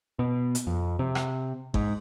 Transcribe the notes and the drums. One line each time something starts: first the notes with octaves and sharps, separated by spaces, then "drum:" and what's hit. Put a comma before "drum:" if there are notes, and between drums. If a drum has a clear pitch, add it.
B2
drum: hi-hat
F2
C3
drum: rim click
G#2, drum: kick G1